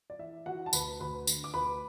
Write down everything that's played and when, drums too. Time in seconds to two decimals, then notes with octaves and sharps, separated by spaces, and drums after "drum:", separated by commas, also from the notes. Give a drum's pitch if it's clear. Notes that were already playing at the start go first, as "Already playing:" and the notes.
0.10 D5
0.19 E3 E5
0.46 E3 F#4 F#5
0.66 A5
0.73 D2 B4 B5, drum: tambourine
1.00 D2 B4 B5
1.27 D3, drum: tambourine
1.44 D6
1.54 D2 B4 B5